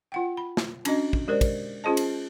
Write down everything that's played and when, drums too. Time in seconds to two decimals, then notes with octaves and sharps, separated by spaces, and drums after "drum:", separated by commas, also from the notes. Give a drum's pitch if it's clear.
0.12 F4 F#5 G5
0.37 B5
0.57 drum: snare
0.85 C#4 D4 F#4 D#5, drum: cymbal
1.13 drum: kick
1.28 G#3 G4 A#4 C5 D5
1.41 drum: kick, cymbal
1.84 C#4 F4 G#4 C5 D#5 A5
1.97 drum: cymbal